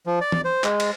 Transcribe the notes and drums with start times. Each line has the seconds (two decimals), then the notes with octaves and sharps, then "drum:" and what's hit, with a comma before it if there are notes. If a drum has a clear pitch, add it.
0.06 F3
0.21 D5
0.32 drum: tom E3
0.45 C5
0.64 G#3, drum: clap
0.80 drum: cymbal